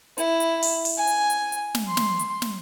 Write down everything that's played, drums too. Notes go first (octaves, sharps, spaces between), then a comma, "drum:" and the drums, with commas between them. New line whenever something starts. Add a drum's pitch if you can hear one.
E4, drum: hi-hat
drum: hi-hat
drum: open hi-hat
drum: open hi-hat
G#5
drum: hi-hat
drum: hi-hat
drum: hi-hat
drum: snare
C6
drum: snare
drum: hi-hat
drum: snare